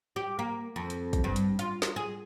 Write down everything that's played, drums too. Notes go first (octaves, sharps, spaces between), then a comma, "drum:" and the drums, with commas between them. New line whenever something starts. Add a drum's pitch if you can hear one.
G4
A#3
F2
drum: hi-hat
drum: kick, hi-hat
G2
drum: hi-hat
F4, drum: hi-hat
drum: snare
G#4